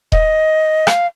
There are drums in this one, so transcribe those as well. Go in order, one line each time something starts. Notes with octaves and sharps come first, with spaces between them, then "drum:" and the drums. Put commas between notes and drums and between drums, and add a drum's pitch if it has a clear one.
D#5, drum: kick D#1
F5, drum: rim click